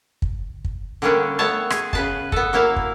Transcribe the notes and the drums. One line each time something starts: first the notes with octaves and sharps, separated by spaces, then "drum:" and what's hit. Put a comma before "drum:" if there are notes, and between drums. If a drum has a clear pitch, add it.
drum: kick
drum: kick
D3 G3 A#3 C#4 D4
A3 B3 C#5 A5
G#4, drum: rim click
C#3 B4 A5, drum: kick
B3 A4, drum: kick
F#3 A#3 E4 F5
drum: kick